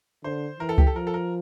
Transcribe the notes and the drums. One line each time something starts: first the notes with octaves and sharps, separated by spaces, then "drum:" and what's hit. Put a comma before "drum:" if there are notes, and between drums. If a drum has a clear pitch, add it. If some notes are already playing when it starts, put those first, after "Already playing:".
D3 C5
E3 A#4
A4
G4, drum: kick C#2
A4
F3 A#4
A4
A#4